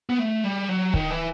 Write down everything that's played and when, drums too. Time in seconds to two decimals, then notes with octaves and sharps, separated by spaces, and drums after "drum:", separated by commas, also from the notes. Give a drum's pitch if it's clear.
0.09 B3
0.19 A3
0.44 G3
0.69 F#3
0.94 D#3, drum: kick
1.10 E3